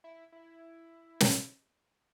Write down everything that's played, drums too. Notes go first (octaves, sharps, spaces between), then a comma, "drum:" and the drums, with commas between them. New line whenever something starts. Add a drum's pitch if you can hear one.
E4
E4
drum: snare